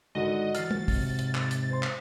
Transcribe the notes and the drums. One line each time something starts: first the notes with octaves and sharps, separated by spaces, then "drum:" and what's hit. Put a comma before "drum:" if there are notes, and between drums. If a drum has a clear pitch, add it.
G#2 D3 D#3 F#4 D#5
E3 F6 A6 C7, drum: hi-hat
drum: tom
G#2 C3, drum: kick, open hi-hat
drum: hi-hat
drum: clap
drum: hi-hat
C5 C6
drum: clap